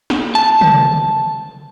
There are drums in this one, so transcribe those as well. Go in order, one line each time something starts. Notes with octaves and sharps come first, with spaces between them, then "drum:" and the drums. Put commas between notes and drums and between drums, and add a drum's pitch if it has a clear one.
drum: snare
A5
drum: tom